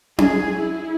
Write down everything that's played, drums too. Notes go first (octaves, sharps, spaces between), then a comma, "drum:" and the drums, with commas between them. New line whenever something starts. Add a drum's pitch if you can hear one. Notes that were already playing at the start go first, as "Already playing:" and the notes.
G#4, drum: tom C#4
E4